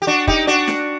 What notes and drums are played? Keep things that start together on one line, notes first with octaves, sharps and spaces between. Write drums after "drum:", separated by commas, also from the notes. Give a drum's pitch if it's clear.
G4
D4 F#4
D#4 G4, drum: kick
D4 F#4
drum: snare